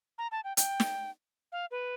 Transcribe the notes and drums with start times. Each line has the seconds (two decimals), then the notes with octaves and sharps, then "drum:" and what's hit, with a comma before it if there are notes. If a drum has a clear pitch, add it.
0.18 A#5
0.32 A5
0.44 G5
0.57 G5, drum: hi-hat
0.80 drum: snare
1.52 F5
1.71 B4